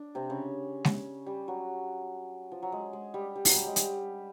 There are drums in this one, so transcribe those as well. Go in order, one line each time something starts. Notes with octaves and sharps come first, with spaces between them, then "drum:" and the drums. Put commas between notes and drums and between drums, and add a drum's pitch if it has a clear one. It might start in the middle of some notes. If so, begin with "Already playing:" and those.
Already playing: D4
C3 C4
C#3 C#4
drum: snare G#3
G3
F#3
F3
F#3
G#3
G#3
G3
G3
F#3, drum: open hi-hat
G3
G#3
G3, drum: hi-hat